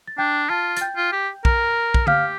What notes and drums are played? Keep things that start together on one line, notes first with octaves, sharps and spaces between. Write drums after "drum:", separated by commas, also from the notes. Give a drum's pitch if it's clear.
A6
D4 G5 G6
F4 A5 A6
A6, drum: hi-hat
G5 G6
F4
G4
A#4, drum: kick
drum: kick
G4 F5 F6, drum: tom D3